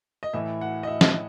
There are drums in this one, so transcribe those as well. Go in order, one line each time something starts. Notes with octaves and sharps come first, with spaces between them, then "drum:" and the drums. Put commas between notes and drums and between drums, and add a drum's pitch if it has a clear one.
D#5
A2 E3 E5
F#5
D#5
E5
drum: snare